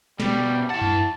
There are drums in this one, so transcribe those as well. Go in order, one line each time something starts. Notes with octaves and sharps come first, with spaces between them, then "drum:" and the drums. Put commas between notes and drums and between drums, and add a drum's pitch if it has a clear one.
B2 G3 G4, drum: snare
E4 F#5 A5
drum: tom F#2